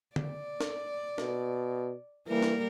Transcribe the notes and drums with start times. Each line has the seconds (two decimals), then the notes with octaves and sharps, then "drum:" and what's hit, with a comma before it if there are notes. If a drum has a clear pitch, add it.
0.16 D5, drum: tom D3
0.60 drum: snare
1.18 B2, drum: snare
2.27 E3 G3 A#3 A#4
2.42 drum: snare